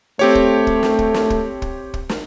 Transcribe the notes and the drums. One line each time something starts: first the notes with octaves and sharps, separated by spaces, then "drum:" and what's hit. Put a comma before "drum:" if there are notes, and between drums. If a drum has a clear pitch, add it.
A3 C4 G4 C#5
drum: kick
drum: kick
drum: snare
drum: kick
drum: snare
drum: kick
drum: kick
drum: kick
drum: snare